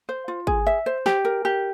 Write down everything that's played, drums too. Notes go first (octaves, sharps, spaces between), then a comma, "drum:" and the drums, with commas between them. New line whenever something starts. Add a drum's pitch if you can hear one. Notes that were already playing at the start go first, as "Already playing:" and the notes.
C5
F4
G#4, drum: kick G#1
E5
C5
G4, drum: snare
A#4
G4